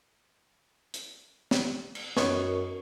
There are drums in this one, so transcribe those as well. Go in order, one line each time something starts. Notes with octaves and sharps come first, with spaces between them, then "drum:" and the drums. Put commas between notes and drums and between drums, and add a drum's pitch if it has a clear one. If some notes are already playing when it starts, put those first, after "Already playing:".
drum: hi-hat
drum: snare
drum: cymbal
F#2 D#3 B3 C#5, drum: snare